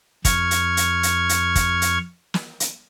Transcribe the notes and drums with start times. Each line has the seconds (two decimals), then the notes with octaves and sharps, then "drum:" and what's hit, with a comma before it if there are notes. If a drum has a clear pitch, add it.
0.25 F2 C#6 F6 G#6, drum: kick, hi-hat
0.51 drum: hi-hat
0.77 drum: hi-hat
1.03 drum: hi-hat
1.29 drum: hi-hat
1.55 drum: kick, hi-hat
1.82 drum: hi-hat
2.34 drum: snare
2.60 drum: hi-hat